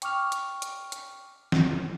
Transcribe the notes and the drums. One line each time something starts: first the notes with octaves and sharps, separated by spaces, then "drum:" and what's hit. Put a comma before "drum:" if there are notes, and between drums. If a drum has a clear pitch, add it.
G5 C#6 D6 F6 F7, drum: hi-hat
drum: hi-hat
drum: hi-hat
drum: hi-hat
drum: snare